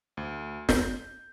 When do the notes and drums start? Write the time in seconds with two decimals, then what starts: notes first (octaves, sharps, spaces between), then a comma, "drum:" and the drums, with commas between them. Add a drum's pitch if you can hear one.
0.17 D2
0.69 G6, drum: snare